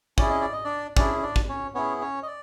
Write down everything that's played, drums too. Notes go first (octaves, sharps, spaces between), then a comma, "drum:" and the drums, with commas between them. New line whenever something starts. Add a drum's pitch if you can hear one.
C#4 E4 G#4 D5, drum: kick
D#5
D5
D#5
D4 D5
C#4 D4 E4 G#4 D5, drum: kick
D4 D5
drum: kick
C#4 C#5
B3 C#4 E4 G#4 C#5
C#4 C#5
D#5
D5